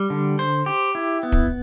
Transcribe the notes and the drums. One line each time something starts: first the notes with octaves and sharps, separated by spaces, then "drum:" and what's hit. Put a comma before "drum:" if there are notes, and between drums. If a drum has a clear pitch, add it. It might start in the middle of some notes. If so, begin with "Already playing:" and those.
Already playing: G3
D3
C5
G4
E4
B3
drum: kick